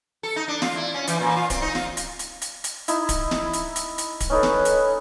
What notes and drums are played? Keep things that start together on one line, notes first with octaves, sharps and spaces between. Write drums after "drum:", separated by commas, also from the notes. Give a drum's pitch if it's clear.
A4
D#4
D4
F4, drum: snare
E4
C#4
E3, drum: hi-hat
A#2
F4
C4, drum: kick D1, hi-hat
D#4
F4, drum: snare
drum: hi-hat
drum: hi-hat
drum: hi-hat
drum: hi-hat
D#4 E4, drum: hi-hat
drum: kick D1, hi-hat
drum: snare
drum: hi-hat
drum: hi-hat
drum: hi-hat
drum: kick D1, hi-hat
C#4 D#4 A4 B4 C#5
drum: snare
drum: hi-hat